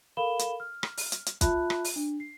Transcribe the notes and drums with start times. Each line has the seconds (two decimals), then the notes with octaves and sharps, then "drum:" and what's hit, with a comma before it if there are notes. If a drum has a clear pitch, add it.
0.17 A4 A#4 F5 B5 E7 G7
0.39 drum: hi-hat
0.60 F6
0.83 drum: rim click
0.97 drum: open hi-hat
1.12 drum: hi-hat
1.26 drum: hi-hat
1.41 F4 E5 A5 B5 F#6, drum: kick, hi-hat
1.70 drum: rim click
1.84 drum: open hi-hat
1.96 D4
2.20 C7